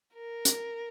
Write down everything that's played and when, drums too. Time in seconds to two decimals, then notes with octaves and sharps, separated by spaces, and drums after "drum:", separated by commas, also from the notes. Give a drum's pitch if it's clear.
0.15 A#4
0.45 drum: hi-hat